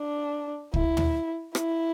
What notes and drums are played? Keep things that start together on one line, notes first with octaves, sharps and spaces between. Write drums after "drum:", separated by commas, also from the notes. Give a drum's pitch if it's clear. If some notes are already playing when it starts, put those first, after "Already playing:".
Already playing: D4
E4, drum: kick
drum: tom
E4, drum: rim click